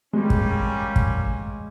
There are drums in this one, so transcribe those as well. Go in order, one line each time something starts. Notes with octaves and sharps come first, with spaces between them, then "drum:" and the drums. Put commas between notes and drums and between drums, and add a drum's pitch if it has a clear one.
G3 G#3 A#3 C#4
drum: kick
drum: kick